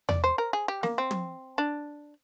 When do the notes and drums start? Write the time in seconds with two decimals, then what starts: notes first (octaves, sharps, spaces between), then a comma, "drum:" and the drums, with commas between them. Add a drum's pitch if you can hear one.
0.09 D5, drum: tom E2
0.24 C5
0.38 A#4
0.53 G#4
0.68 G4
0.83 A#3, drum: snare
0.98 C4
1.11 drum: tom
1.58 D4